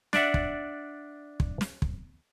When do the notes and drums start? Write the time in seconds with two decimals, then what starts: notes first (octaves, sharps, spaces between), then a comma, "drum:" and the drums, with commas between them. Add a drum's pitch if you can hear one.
0.13 D4 D5 E5 F#5, drum: snare
0.34 drum: kick
1.40 drum: kick
1.61 drum: snare
1.82 drum: kick